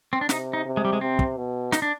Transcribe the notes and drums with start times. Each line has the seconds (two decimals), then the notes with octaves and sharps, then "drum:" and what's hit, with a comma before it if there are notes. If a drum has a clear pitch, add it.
0.13 C4
0.21 D4
0.29 C3 D#4, drum: snare
0.53 D#4
0.65 C3
0.77 G#3
0.85 G3
0.93 G#3
1.01 C3 C4
1.19 drum: kick
1.37 B2
1.72 D#4, drum: snare
1.82 D4